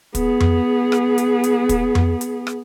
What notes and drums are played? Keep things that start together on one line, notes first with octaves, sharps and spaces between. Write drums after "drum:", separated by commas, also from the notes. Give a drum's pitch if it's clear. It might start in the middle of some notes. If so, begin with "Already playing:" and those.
B3 G#4, drum: kick, hi-hat
drum: tom F2
drum: rim click
drum: hi-hat
drum: hi-hat
drum: kick, hi-hat
drum: tom F2
drum: hi-hat
drum: rim click